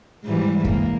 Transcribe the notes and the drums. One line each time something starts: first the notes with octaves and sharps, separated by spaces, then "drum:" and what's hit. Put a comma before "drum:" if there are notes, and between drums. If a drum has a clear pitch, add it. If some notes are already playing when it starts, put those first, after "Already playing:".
G#2 E3 G3
A#3, drum: kick